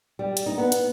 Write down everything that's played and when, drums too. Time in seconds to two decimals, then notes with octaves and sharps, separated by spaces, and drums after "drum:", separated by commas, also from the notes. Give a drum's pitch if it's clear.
0.19 G3
0.37 drum: hi-hat
0.46 D#4
0.58 B3
0.72 drum: hi-hat